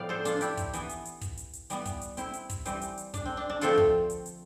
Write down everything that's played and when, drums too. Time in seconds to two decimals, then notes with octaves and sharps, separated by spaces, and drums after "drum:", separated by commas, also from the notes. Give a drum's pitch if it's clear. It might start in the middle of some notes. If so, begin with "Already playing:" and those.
Already playing: A2 F3 B3 D5 F5 G5
0.09 A4 C5
0.25 D4 F4, drum: hi-hat
0.41 E4 G4, drum: hi-hat
0.57 drum: kick, hi-hat
0.73 E3 B3, drum: hi-hat
0.89 drum: hi-hat
1.05 drum: hi-hat
1.21 drum: kick, hi-hat
1.37 drum: hi-hat
1.53 drum: hi-hat
1.70 E3 G3 B3, drum: hi-hat
1.85 drum: kick, hi-hat
2.01 drum: hi-hat
2.17 C4 E4, drum: hi-hat
2.33 drum: hi-hat
2.49 drum: kick, hi-hat
2.65 E3 G3 C4, drum: hi-hat
2.81 drum: hi-hat
2.98 drum: hi-hat
3.14 D4, drum: kick, hi-hat
3.26 C4
3.37 D4
3.50 D4
3.61 D3 F3 A3 C4 F4 A4, drum: hi-hat
3.78 drum: kick
4.10 drum: hi-hat
4.26 drum: hi-hat